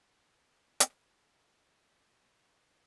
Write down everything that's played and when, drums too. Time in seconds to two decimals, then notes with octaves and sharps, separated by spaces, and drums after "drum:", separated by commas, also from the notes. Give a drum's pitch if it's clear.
0.08 C#3 F4 C5
0.80 drum: hi-hat